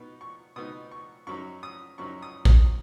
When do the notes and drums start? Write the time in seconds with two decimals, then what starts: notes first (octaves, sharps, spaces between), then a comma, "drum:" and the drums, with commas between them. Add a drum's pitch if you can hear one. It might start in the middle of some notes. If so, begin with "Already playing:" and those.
Already playing: B2 B3 D#4
0.21 C#6
0.56 B2 B3 D#4 D#6
0.91 C#6
1.27 F#2 F#3 D#4 C#6
1.63 D#6
1.98 F#2 F#3 D#4 C#6
2.22 D#6
2.45 D#6, drum: kick A#1